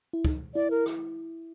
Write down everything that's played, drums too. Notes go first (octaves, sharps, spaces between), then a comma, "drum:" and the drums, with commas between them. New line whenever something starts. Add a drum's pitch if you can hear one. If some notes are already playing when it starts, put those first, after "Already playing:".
E4
D#4, drum: kick
E4 D5
A#4
drum: rim click